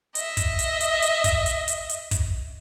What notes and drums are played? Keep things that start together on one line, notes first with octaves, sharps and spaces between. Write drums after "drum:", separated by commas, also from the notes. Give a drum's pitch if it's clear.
D#5 E5, drum: hi-hat
drum: kick, hi-hat
drum: hi-hat
drum: hi-hat
drum: hi-hat
drum: kick, hi-hat
drum: hi-hat
drum: hi-hat
drum: hi-hat
drum: kick, hi-hat